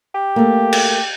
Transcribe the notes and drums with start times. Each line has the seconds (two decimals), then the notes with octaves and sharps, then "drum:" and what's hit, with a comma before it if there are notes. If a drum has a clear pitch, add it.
0.15 G4
0.36 A3 A#3
0.73 drum: cymbal